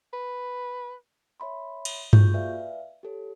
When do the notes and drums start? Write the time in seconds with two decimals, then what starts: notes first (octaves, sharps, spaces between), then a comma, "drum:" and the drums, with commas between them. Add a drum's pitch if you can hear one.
0.13 B4
1.40 C#5 E5 B5 C6
1.85 drum: cymbal
2.13 A#3 F4 F#4 G#4 C#6 G6, drum: tom G2
2.34 B4 D5 E5 F5 G#5
3.03 G4 A4 C#5